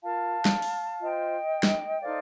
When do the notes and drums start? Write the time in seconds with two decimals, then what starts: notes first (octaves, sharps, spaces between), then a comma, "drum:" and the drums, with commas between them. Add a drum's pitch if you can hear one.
0.03 F4 A#4 F5 A5
0.45 drum: snare
0.62 drum: open hi-hat
1.01 F4 C5 D#5 G5
1.63 drum: snare
2.01 D#4 A4 C5 D5 F5